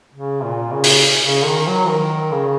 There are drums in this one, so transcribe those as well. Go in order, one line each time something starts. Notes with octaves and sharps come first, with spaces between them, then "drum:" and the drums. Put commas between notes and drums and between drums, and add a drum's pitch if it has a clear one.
C#3
A#2
C#3
drum: open hi-hat
C#3
D#3
F#3
D#3
C#3